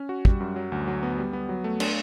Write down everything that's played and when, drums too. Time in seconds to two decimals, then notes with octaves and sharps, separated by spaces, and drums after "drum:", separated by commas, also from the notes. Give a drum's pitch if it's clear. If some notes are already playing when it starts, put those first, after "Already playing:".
Already playing: C#4
0.09 F#4
0.25 G3, drum: kick
0.40 F#2
0.56 F#3
0.72 D2
0.88 F#3
1.03 B3
1.18 G3
1.33 B3
1.49 F#3
1.64 A3
1.80 D4, drum: cymbal